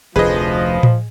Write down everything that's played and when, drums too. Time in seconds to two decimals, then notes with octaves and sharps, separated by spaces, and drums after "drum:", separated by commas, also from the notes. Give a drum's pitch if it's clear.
0.16 F1 D2 F3 G#4 B4 D#5
0.83 drum: tom A2